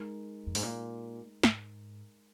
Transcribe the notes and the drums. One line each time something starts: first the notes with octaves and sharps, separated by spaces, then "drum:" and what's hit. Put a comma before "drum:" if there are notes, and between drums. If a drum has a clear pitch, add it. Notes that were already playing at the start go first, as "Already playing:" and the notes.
Already playing: G#3 D#4 A#4
F2
G#2, drum: open hi-hat
A#2
G#2, drum: snare